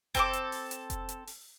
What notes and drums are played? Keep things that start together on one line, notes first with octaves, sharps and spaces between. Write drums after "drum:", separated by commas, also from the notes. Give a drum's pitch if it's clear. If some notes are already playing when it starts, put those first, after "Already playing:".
C4 A4 D6, drum: kick F1, hi-hat
drum: hi-hat
drum: open hi-hat
drum: hi-hat
drum: kick F1, hi-hat
drum: hi-hat
drum: open hi-hat